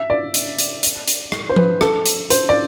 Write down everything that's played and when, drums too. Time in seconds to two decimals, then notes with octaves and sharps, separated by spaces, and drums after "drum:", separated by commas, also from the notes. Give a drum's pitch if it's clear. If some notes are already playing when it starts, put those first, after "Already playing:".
Already playing: E5
0.10 D5
0.34 drum: hi-hat
0.59 drum: hi-hat
0.83 drum: hi-hat
1.08 drum: hi-hat
1.32 drum: rim click
1.49 C5
1.56 B4, drum: tom F3
1.81 A4, drum: rim click
2.06 drum: hi-hat
2.30 C5, drum: hi-hat
2.49 D5